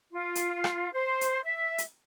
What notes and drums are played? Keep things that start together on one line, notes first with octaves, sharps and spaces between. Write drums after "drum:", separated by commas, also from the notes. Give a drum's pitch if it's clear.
F4
drum: hi-hat
drum: rim click
C5
drum: hi-hat
E5
drum: hi-hat